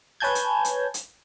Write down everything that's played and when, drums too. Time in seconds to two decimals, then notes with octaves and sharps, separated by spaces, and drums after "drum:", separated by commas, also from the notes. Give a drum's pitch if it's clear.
0.20 B4 C#5 G#5 A5 G6 G#6
0.35 drum: hi-hat
0.65 drum: hi-hat
0.94 drum: hi-hat